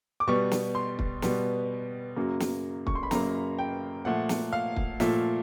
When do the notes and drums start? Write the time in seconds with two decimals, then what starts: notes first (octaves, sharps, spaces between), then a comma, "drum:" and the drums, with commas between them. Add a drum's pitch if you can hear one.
0.20 D6
0.27 B2 G3 B3 C#6
0.51 drum: snare
0.75 C6
0.99 drum: kick
1.22 B2 G3 B3, drum: snare
2.16 F#2 C#3 F#3 A#3
2.40 drum: snare
2.87 C#6, drum: kick
2.95 C6
3.03 B5
3.11 F#2 C#3 F#3 A#3 A#5, drum: snare
3.59 G5
4.05 A#2 F3 A3 F#5
4.29 drum: snare
4.53 F5
4.76 drum: kick
5.00 A#2 F3 A3 E5, drum: snare